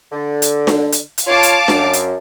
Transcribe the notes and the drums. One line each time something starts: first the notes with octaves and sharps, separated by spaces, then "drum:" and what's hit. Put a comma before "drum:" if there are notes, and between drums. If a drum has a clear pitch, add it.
D3
drum: hi-hat
drum: snare D4
drum: hi-hat
drum: hi-hat
F4 C#5 F5 A5 D6
drum: hi-hat
F#2, drum: snare D4
drum: hi-hat